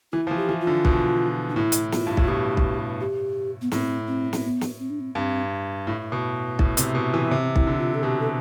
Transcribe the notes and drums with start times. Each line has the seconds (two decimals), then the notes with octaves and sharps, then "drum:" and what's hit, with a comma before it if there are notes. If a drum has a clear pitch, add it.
0.12 E3 E4
0.27 F3
0.31 E3
0.36 G4
0.49 E3
0.61 F4
0.67 D3
0.85 B2, drum: kick B1
1.50 D4
1.56 A2 E4
1.72 drum: hi-hat
1.92 F4, drum: snare
2.07 G2
2.17 A2 F4, drum: kick B1
2.28 B2 G4
2.57 drum: kick B1
3.01 G4
3.62 B3
3.71 A2 C4, drum: snare
4.07 C4
4.33 C4, drum: snare
4.44 B3
4.61 drum: snare
4.80 C4
4.90 D4
5.00 C4
5.15 G2 C4
5.87 A2
6.12 B2
6.59 A2, drum: kick B1
6.77 C3, drum: hi-hat
6.95 B2
7.14 E3
7.31 C3 C4
7.56 E4, drum: kick B1
7.67 D3
7.79 F4
7.94 A4
8.03 B2 G4
8.20 A4